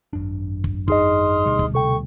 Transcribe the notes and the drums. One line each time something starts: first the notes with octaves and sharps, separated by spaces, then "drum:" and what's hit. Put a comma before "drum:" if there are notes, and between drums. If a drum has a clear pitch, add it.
G#1 F#2 D4
drum: kick
D#4 G#4 D#5 C6 D#6 F6, drum: kick
D2 B2 G3
drum: kick
C3 A4 G5 C#6